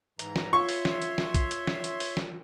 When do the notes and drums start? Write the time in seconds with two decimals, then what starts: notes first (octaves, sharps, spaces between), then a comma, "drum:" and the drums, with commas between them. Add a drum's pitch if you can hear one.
0.19 G#2 E3 A#5, drum: hi-hat
0.36 drum: snare
0.53 F4 C#5 E5 C6 C#6
0.69 drum: open hi-hat
0.85 drum: snare
1.02 drum: hi-hat
1.18 drum: snare
1.34 drum: kick B1, hi-hat
1.51 drum: hi-hat
1.67 drum: snare
1.84 drum: hi-hat
2.00 drum: open hi-hat
2.17 drum: snare